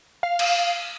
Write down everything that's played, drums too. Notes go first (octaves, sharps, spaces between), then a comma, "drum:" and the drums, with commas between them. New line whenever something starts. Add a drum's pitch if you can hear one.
F5
drum: cymbal